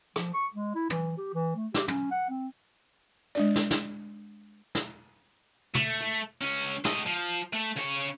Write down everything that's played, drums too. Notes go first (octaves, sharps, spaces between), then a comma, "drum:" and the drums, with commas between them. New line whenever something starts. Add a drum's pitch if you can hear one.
F3, drum: rim click
C#6
G#3
E4
E3, drum: tom
G4
E3
A3
G4, drum: snare
C#4, drum: tom
F#5
C4
G#3 D4 D5, drum: hi-hat
drum: snare
drum: snare
drum: snare
A3, drum: tom
drum: hi-hat
C#2 C#4
A3 D#5, drum: snare
F3
A3
C#3 C#5, drum: hi-hat